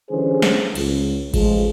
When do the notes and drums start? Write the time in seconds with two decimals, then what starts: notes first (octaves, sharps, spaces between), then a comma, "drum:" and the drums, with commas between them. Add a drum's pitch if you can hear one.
0.10 D3 E3 G3 C#4 G#4 C5
0.42 drum: snare
0.75 C#2, drum: cymbal
1.34 A1 F3 G#3, drum: kick G#1, cymbal